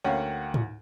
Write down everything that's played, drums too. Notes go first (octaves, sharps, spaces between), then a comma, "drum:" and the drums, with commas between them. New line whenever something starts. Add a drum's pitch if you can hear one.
D2 A#3 C#4 F#5 G5
drum: tom G#2